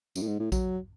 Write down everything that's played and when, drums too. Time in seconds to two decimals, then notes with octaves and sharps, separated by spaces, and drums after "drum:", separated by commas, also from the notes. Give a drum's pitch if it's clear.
0.16 F#2, drum: tambourine
0.22 A2
0.27 G#2
0.40 A2
0.52 F#3, drum: kick A#1, tambourine